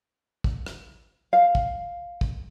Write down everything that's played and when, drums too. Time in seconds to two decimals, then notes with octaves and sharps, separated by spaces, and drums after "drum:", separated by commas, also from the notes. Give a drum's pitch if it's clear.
0.44 drum: kick
0.66 drum: rim click
1.33 F5
1.55 drum: kick
2.21 drum: kick